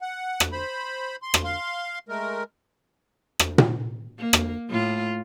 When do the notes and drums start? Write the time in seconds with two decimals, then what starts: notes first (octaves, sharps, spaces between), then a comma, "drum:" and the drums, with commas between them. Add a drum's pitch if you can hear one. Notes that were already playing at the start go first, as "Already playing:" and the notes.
0.01 F#5
0.40 drum: rim click
0.52 C5 B5
1.22 C6
1.34 drum: rim click
1.44 F5 C6
2.09 G#3 A3 A#4
3.39 drum: rim click
3.58 drum: tom A#2
4.18 A#3
4.33 drum: rim click
4.69 A2 F4